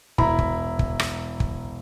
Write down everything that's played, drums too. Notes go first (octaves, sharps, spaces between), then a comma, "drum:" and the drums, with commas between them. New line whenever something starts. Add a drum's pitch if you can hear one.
E1 E4 A#5 B5, drum: kick
drum: kick
drum: kick
drum: rim click
drum: kick